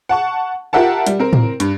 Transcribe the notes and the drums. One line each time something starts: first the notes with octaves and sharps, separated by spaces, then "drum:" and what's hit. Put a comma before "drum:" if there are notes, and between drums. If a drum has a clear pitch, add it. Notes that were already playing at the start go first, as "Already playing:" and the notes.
F#5 A5 C#6
F4 G4 A#4 E5 F#5 A5
G3, drum: hi-hat
C4 A#4
drum: tom A2
G2, drum: hi-hat